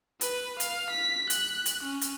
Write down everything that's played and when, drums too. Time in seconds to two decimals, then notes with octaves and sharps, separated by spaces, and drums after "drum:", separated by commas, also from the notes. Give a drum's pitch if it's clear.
0.21 B4, drum: hi-hat
0.60 F5, drum: hi-hat
0.90 B6
1.30 F#6, drum: hi-hat
1.66 drum: hi-hat
1.83 C#4
2.01 drum: hi-hat